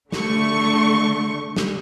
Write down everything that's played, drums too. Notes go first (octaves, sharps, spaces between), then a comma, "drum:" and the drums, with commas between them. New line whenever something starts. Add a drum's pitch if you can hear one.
D3 A3 C#6, drum: snare
drum: snare